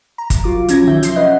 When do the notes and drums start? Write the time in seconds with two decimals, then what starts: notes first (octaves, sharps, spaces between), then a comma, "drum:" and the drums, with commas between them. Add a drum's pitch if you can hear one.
0.18 A#5
0.30 drum: kick G1, hi-hat
0.44 C2 F#3 F4 D6
0.68 F3 F#3 C#4 G#6 A#6, drum: hi-hat
0.87 C2 D#3 E5 G6
1.03 F3 G6 C7, drum: hi-hat
1.16 C#4 B4 D#5 F#5